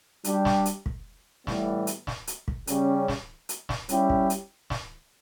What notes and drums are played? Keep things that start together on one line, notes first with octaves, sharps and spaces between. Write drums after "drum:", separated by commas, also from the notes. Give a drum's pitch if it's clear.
G3 D4 G4, drum: hi-hat
drum: snare
drum: hi-hat
drum: kick
A2 E3 G3 B3, drum: snare
drum: hi-hat
drum: snare
drum: hi-hat
drum: kick
C#3 G3 C#4 G4, drum: hi-hat
drum: snare
drum: hi-hat
drum: snare
G3 C#4 E4 G4, drum: hi-hat
drum: kick
drum: hi-hat
drum: snare